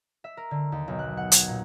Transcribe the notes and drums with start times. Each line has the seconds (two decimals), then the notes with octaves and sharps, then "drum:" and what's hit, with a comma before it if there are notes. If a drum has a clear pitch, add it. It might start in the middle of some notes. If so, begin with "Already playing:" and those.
0.24 E5
0.37 A#4
0.51 D3
0.72 D#2
0.88 B1
0.99 F#6
1.17 F#5
1.32 G#6, drum: hi-hat
1.48 A#2